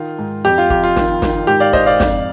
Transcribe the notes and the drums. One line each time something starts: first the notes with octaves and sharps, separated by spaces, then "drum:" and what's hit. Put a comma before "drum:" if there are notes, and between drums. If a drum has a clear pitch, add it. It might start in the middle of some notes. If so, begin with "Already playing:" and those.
Already playing: D#3 F4
G#2
F2 G4
F4
F2 G4, drum: kick
F4
D#3, drum: snare
D#3, drum: snare
G#2 G4
D5 F5
G#2 C5 D#5, drum: kick
D5 F5
F2, drum: snare